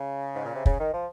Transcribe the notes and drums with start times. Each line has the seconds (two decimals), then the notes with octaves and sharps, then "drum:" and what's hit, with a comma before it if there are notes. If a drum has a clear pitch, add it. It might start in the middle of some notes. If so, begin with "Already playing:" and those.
Already playing: C#3
0.34 G#2
0.45 A#2
0.55 C3
0.66 C#3, drum: kick
0.79 D#3
0.92 F3